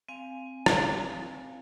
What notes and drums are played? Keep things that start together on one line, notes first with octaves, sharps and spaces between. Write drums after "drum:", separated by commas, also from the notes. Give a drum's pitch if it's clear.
C4 F5 G#5
drum: rim click